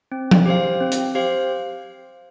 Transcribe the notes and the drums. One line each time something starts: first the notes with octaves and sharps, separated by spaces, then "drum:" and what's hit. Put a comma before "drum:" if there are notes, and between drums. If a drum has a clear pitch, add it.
C4
drum: tom F3
G4 C5 F5
C4
drum: hi-hat
G4 C5 F5